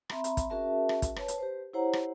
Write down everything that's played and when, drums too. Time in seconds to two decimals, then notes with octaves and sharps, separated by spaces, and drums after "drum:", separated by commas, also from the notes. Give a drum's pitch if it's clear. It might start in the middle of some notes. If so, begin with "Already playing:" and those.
0.10 C4 E5 A#5 B5, drum: rim click
0.24 drum: hi-hat
0.37 drum: kick, hi-hat
0.50 C#4 F#4 G#4 A#4 E5 A5
0.89 drum: rim click
1.02 drum: kick, hi-hat
1.16 B4 C#5 A5, drum: rim click
1.28 drum: hi-hat
1.38 G4 B4 C5
1.73 E4 G4 C5 C#5 F#5 A#5
1.93 drum: rim click